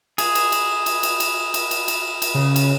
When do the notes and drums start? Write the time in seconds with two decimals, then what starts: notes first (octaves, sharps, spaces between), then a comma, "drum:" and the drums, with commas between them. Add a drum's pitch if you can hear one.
0.18 G#4, drum: cymbal
0.35 drum: cymbal
0.52 drum: cymbal
0.86 drum: cymbal
1.03 drum: cymbal
1.20 drum: cymbal
1.54 drum: cymbal
1.71 drum: cymbal
1.88 drum: cymbal
2.22 drum: cymbal
2.34 C#3
2.56 drum: cymbal